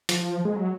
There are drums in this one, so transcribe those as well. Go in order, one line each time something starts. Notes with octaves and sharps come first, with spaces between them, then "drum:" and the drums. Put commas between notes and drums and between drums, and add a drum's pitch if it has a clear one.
F3, drum: hi-hat
G#3
F#3